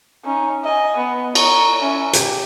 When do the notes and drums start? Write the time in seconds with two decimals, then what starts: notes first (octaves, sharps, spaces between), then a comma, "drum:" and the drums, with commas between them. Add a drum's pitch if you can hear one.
0.25 C#4 D#4
0.64 D#5 G#5
0.96 B3
1.35 C#5 A#5, drum: cymbal
1.81 C#4 E4
2.13 G4, drum: hi-hat